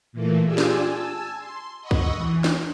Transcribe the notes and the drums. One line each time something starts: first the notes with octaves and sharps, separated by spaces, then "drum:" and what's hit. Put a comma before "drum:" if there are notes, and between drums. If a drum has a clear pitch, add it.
A#2 E3 A3 A#3
F4 G4 G#4 D5 G#5 E6
drum: snare
G#5 A5 E6
C6
D#5 F#5 B5 C#6 D#6 E6
drum: kick
E3
drum: snare